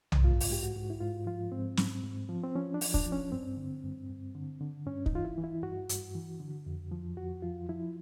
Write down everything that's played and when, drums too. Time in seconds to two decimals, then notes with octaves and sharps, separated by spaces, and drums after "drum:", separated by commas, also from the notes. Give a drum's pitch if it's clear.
0.12 drum: tom B1
0.24 G#2 F4
0.40 drum: open hi-hat
0.50 G#2 G4
0.63 F#4
0.76 G#2
0.90 E4
1.00 G#2 F4
1.26 F3 F4
1.52 G#2 C4
1.77 G#2, drum: snare
2.03 G#2
2.29 F3
2.44 C4
2.55 F3 C#4
2.74 D4
2.81 F3, drum: open hi-hat
2.94 D4, drum: kick
3.06 F3
3.12 C#4
3.32 G2 C4
3.57 D3
3.84 G2
4.09 G2
4.35 D3
4.61 D3
4.86 G2 C#4
5.06 D#4, drum: kick
5.12 E3 F4
5.25 E4
5.38 E3
5.44 E4
5.63 G2 F#4
5.89 G2, drum: hi-hat
6.15 E3
6.40 D3
6.66 F2
6.91 F3
7.17 F2 F#4
7.42 F3 F4
7.69 F3 E4